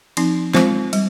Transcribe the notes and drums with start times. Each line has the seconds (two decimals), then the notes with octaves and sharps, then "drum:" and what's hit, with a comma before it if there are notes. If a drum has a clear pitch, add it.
0.17 F3 C4 D#4, drum: cymbal
0.54 G#3 C4 F4 C5, drum: snare
0.93 G3, drum: cymbal